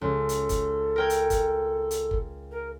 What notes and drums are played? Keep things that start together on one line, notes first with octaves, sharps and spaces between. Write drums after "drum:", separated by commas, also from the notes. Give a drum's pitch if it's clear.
C#2 A4
drum: hi-hat
drum: kick G1, hi-hat
A#4 G5 G#6
drum: hi-hat
drum: kick G1, hi-hat
drum: hi-hat
drum: kick G1
A#4